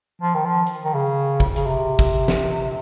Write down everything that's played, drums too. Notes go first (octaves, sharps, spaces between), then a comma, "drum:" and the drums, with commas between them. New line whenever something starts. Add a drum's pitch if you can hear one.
F3
D#3
F3
drum: hi-hat
D#3
C#3
drum: kick
C#3, drum: hi-hat
C3
drum: kick
drum: snare